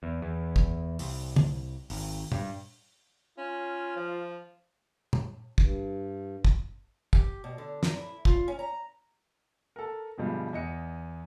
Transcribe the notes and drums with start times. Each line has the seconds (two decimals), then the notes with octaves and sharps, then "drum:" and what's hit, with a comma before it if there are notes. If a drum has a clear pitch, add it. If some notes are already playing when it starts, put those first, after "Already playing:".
0.03 E2
0.22 E2
0.56 drum: kick
0.99 C2, drum: open hi-hat
1.36 drum: tom C#3
1.90 G#1, drum: open hi-hat
2.32 G2, drum: tom A#2
3.38 C#4 F4
3.96 F3
5.13 drum: tom A#2
5.58 G2, drum: kick
6.45 drum: kick
7.13 G4, drum: kick
7.44 B2
7.58 D3
7.83 A#5, drum: snare
7.97 E4
8.25 F4, drum: kick
8.48 C#4
8.59 A#5
9.76 A4 A#4
10.18 D2 G2 B2 F3 G3 G#3
10.53 E2 D#5 C#7